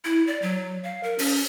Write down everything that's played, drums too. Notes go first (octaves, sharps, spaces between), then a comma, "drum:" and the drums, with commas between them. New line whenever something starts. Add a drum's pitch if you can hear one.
E4
D5
F#3
F5
A#4
C#4, drum: open hi-hat